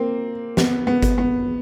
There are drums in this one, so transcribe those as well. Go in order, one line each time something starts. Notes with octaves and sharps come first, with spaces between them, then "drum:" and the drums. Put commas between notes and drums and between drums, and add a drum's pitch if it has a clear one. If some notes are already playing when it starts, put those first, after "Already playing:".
Already playing: A#3 C4
B3, drum: snare
B3
drum: kick G1, hi-hat
B3